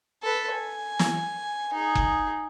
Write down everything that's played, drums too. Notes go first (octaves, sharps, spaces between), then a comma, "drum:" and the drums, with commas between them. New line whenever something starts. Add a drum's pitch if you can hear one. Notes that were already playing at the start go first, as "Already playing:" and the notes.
A4 B4
G#5
drum: snare
D#4 G#4
drum: kick F#1